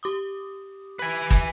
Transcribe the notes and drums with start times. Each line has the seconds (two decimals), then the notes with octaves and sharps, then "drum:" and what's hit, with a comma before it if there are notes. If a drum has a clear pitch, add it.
0.03 G4 D6 D#6
0.99 B4 G#5
1.30 drum: kick